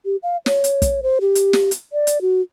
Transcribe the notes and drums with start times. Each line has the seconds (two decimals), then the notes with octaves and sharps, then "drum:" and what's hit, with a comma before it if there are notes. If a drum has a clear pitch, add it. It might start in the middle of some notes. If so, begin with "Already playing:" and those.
0.05 G4
0.23 F5
0.46 C#5, drum: snare
0.64 drum: hi-hat
0.82 drum: kick, hi-hat
1.03 C5
1.21 G4
1.35 drum: hi-hat
1.53 drum: snare
1.71 drum: hi-hat
1.93 D5
2.07 drum: hi-hat
2.21 F#4